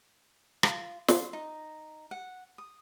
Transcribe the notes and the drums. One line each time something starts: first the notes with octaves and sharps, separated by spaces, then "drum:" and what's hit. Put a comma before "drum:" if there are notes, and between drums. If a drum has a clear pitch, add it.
F4, drum: rim click
C6, drum: snare
D#4
F#5
D#6